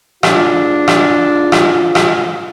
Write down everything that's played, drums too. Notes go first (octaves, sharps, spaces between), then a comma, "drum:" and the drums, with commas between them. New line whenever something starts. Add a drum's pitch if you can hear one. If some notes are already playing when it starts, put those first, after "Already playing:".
G#2 D4 F4, drum: rim click
drum: rim click
drum: rim click
drum: rim click